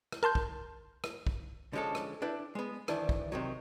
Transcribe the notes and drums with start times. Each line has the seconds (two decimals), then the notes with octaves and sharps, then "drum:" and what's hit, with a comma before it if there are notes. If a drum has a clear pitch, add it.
0.12 drum: rim click
0.23 A#4 A5 C6 G6
0.35 drum: kick
1.04 drum: rim click
1.27 drum: kick
1.73 D3 F3 G#3 C#4 A4
1.95 drum: rim click
2.22 D4 E4 B4 G5
2.55 G#3 B3
2.88 D2 D#3 E3 D4, drum: rim click
3.09 drum: kick
3.32 C3 D#3 F#3